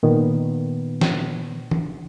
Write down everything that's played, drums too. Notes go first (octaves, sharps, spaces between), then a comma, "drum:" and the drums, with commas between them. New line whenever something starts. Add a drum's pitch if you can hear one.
A#2 D#3 B3
drum: snare
drum: tom E3